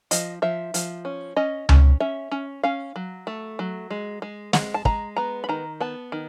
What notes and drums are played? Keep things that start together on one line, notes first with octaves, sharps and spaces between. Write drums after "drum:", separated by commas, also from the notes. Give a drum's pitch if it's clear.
F3 D#5, drum: hi-hat
F3 E5
F3, drum: hi-hat
C#4
C#4 D#5
C#4, drum: tom C#2
C#4 E5
C#4
C#4 F5
F#3
A3
F#3
G#3
G#3
G#3 F#5, drum: snare
A5
G#3 A#5, drum: kick
B3 A#5
B5
D#3 A#5
B3 A5
D#3